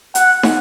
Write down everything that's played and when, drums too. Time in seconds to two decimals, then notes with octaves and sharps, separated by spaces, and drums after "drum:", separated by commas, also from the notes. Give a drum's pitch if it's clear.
0.15 F#5, drum: hi-hat
0.43 drum: snare